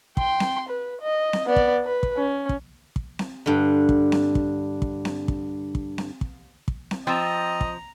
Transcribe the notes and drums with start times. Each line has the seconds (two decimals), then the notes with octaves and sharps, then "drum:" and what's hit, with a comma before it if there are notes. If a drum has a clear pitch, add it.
0.17 G5 C6, drum: kick
0.40 drum: snare C4
0.69 B4
1.01 D#5
1.33 drum: snare C4
1.47 B3 D5
1.56 drum: kick
1.85 B4
2.03 drum: kick
2.18 C#4
2.49 drum: kick
2.96 drum: kick
3.19 drum: snare C4
3.46 G2 D3
3.89 drum: kick
4.12 drum: snare C4
4.35 drum: kick
4.82 drum: kick
5.05 drum: snare C4
5.28 drum: kick
5.75 drum: kick
5.98 drum: snare C4
6.21 drum: kick
6.68 drum: kick
6.91 drum: snare C4
7.07 F3 C4 D#5 G5 A#5 E6 A6
7.61 drum: kick